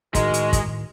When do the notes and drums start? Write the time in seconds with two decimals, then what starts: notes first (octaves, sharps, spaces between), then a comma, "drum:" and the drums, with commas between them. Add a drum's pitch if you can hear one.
0.15 A2 D#3 G#3 D#4 F#4 A#4, drum: kick, hi-hat
0.34 drum: hi-hat
0.53 drum: kick, hi-hat